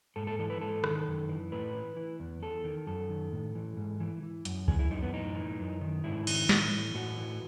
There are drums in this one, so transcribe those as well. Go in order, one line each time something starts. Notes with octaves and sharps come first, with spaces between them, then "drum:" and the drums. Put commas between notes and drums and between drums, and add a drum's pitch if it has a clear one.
G#2 A4
A4
E3 A4
B4
G#2 A4
D#3, drum: rim click
F#2
E3
A2 B4
E3
E3
E2
E2 A4
D#3
F#2 A4
D#3
A2
E3
G#2
E3
E3
F#2, drum: hi-hat
E3 G#4, drum: kick C#2
E4
F#2 D#4
B3
A2 D#4
E3
F#2
D#3
G#2 E4
D#3, drum: cymbal
A2, drum: snare
E3
A2 F#4
E3